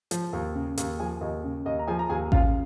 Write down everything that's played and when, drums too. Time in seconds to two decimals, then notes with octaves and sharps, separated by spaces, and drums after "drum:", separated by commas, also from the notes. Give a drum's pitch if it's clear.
0.11 F3, drum: hi-hat
0.33 D#2
0.55 C#3
0.78 D#2, drum: hi-hat
0.99 F3 G#4 G#5
1.21 D#2 D#5
1.44 C#3
1.66 D#2 D#5
1.79 A#5
1.87 F3 G#4 G#5
1.99 A#5
2.09 D#2 G#4 G#5
2.32 C#3 F4 F5, drum: kick A1